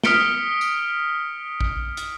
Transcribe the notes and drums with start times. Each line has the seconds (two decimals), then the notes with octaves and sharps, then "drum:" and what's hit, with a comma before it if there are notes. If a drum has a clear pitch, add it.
0.04 D#6 F6 B6 C#7 D7 G7, drum: snare
0.61 drum: tambourine
1.61 drum: kick A1
1.97 drum: hi-hat